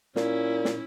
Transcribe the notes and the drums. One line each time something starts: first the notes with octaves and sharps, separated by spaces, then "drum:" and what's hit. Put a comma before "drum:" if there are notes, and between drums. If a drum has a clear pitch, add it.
A#2 C#4 E4, drum: snare
drum: snare